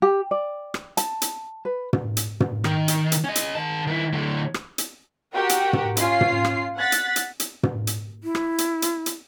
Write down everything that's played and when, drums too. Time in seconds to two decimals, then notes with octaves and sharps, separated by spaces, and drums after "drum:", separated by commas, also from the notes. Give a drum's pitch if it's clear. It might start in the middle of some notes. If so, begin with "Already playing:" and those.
0.02 G4
0.31 D5
0.74 drum: rim click
0.97 A5, drum: hi-hat
1.22 drum: hi-hat
1.65 B4
1.93 drum: tom
2.17 drum: hi-hat
2.40 drum: tom
2.64 D#3, drum: rim click
2.88 drum: hi-hat
3.12 drum: hi-hat
3.24 C#4 D#5
3.35 drum: hi-hat
3.55 D#3 A5
3.87 D#3 E4
4.13 A2 D3
4.54 drum: rim click
4.78 drum: hi-hat
5.33 F#4 G4 A#4 F#5 G5
5.49 drum: hi-hat
5.73 drum: tom
5.97 C#4 F4 C7, drum: hi-hat
6.21 drum: tom
6.45 drum: rim click
6.76 F#5 F#6 A6 B6
6.92 drum: hi-hat
7.16 drum: hi-hat
7.40 drum: hi-hat
7.63 drum: tom
7.87 drum: hi-hat
8.24 E4
8.35 drum: rim click
8.58 drum: hi-hat
8.82 drum: hi-hat
9.06 drum: hi-hat